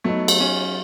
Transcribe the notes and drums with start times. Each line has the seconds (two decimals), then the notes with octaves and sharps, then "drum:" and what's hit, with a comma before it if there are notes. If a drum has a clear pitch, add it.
0.04 F#3 A3 B3 D#4
0.28 drum: cymbal
0.40 C#4